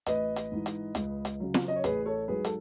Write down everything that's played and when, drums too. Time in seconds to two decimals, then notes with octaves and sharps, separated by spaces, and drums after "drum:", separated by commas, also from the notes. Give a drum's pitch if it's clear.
0.06 A1 B4 D#5, drum: hi-hat
0.36 drum: hi-hat
0.52 G#2 E3
0.66 drum: hi-hat
0.95 C#2, drum: hi-hat
1.25 drum: hi-hat
1.40 C#3 F#3
1.54 drum: snare
1.68 D#5
1.76 C#5
1.84 A1 G#4 B4, drum: hi-hat
2.06 A4 C#5
2.28 G#2 F#3 G#4 B4
2.45 A4, drum: hi-hat